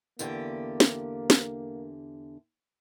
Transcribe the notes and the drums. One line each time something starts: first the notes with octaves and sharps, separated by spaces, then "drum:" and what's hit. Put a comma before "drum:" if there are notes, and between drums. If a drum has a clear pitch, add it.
E2 D3 A#3 G4, drum: tambourine
drum: snare
drum: snare